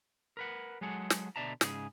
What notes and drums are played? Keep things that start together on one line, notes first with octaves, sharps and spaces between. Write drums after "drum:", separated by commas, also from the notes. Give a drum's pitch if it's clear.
A#4 B4 F#5
F#3 G#3 G#4 A4 F#5
drum: snare
B2 D3 D5 E5 A5 A#5
G#2 C#3 G#4, drum: snare